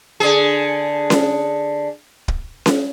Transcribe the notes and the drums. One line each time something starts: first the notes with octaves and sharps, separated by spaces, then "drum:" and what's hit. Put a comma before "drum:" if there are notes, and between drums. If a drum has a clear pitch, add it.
D3 G#4
drum: snare C#4
drum: kick
drum: snare C#4